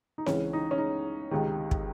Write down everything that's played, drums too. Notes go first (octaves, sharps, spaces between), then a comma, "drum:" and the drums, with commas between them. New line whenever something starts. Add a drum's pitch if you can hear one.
D#4
C#2 C#3 E3 C#4, drum: snare C4
D#4
C#4
D#4
C#2 C3 D#3
drum: kick